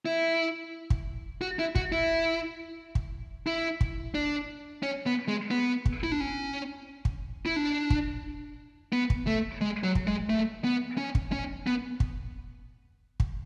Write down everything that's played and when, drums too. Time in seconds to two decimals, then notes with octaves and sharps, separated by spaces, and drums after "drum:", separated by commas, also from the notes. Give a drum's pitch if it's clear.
0.06 E4
0.90 drum: kick
1.41 F#4
1.59 E4
1.75 F#4, drum: kick
1.92 E4
2.95 drum: kick
3.47 E4
3.81 drum: kick
4.15 D4
4.83 C#4
5.06 B3
5.28 G#3
5.51 B3
5.86 drum: kick
6.04 E4
6.12 D4
6.20 C#4
7.05 drum: kick
7.46 E4
7.56 D4
7.90 drum: kick
8.93 B3
9.10 drum: kick
9.27 A3
9.61 G#3
9.84 F#3
9.95 drum: kick
10.07 G#3
10.29 A3
10.64 B3
10.98 C#4
11.15 drum: kick
11.32 C#4
11.67 B3
12.00 drum: kick
13.20 drum: kick